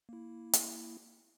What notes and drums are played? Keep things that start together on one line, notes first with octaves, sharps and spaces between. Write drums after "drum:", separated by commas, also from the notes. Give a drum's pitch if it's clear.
A#3 E4
drum: hi-hat